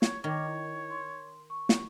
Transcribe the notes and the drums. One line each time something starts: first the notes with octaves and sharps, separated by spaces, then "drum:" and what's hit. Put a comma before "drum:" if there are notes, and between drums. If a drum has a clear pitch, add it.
C#5, drum: snare
D#3 C#5 D6 F6
E4
C6
C#6
drum: snare